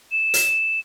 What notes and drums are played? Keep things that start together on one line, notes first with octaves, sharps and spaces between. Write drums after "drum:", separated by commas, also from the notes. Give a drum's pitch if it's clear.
E7
drum: hi-hat